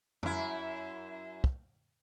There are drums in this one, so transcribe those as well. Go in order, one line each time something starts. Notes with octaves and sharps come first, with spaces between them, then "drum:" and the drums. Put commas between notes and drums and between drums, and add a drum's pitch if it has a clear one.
F#2 E4, drum: tom F2
drum: kick